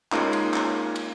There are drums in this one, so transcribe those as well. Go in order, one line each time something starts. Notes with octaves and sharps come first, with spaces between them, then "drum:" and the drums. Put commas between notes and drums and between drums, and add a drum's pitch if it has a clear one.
G#3 A#3 C#4 D#4 F4, drum: clap
drum: cymbal
drum: clap
drum: cymbal